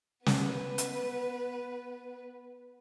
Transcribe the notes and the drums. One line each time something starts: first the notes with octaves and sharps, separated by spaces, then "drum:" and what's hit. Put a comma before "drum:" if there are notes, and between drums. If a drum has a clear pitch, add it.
B3 B4, drum: snare
drum: hi-hat